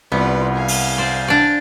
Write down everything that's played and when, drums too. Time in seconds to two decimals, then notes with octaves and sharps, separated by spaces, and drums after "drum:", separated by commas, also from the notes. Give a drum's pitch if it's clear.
0.12 C2 B3 F4 B4 D5
0.54 F5 G#5
0.68 drum: open hi-hat
0.98 C5 D5
1.28 D4 D5